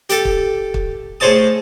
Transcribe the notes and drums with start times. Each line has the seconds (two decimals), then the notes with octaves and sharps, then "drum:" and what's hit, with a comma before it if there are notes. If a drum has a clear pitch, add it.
0.10 G4 A4, drum: hi-hat
0.25 drum: kick
0.74 drum: kick
1.20 A2 G#4 C5 C#5 A5 D#6